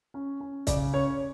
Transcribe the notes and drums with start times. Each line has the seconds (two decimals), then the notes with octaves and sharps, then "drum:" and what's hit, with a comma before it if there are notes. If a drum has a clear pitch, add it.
0.14 C#4
0.40 C#4
0.67 C#3 D5, drum: kick, hi-hat
0.93 C#4 C#5